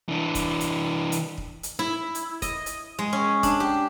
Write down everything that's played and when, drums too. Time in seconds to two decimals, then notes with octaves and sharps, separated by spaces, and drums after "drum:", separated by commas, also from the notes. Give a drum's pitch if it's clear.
0.09 E3 D4
0.35 drum: kick, hi-hat
0.60 drum: hi-hat
1.12 drum: hi-hat
1.38 drum: kick
1.63 drum: hi-hat
1.79 E4
2.15 drum: hi-hat
2.42 D#5, drum: kick, hi-hat
2.66 drum: hi-hat
2.99 G#3
3.13 C#4
3.43 D4, drum: kick, hi-hat
3.60 G4